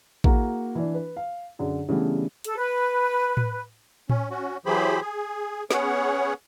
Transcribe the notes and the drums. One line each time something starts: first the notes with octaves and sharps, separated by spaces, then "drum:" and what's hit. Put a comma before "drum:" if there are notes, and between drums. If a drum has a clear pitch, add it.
A#3 E4 F#4 G#4, drum: kick A1
E3 D4
B4
F5
F#2 D3 G#4
C#3 E3 G3 A3 B3 D4
A4, drum: hi-hat
B4
drum: tom A2
C#4, drum: tom A2
C#4 F#4
E3 F#3 G4 G#4 C5 B5
G#4
B3 C#4 G#4 C#5 F#5, drum: snare